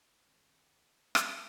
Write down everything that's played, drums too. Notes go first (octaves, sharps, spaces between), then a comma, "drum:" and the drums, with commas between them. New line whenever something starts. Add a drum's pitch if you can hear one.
G2 D#3 G#3 C4
G#2 D#3 G#3 C4, drum: rim click